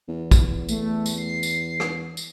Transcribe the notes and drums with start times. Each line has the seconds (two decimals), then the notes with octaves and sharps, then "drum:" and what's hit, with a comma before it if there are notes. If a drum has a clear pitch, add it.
0.08 E2
0.31 drum: kick, tambourine
0.69 A3, drum: tambourine
1.06 drum: tambourine
1.18 C7
1.43 drum: tambourine
1.80 drum: rim click
2.17 drum: tambourine